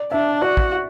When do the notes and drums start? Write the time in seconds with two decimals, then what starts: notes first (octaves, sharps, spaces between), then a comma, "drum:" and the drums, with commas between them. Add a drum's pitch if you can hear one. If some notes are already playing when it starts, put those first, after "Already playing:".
Already playing: D5
0.12 D4 E5
0.42 F#4 D5
0.57 drum: kick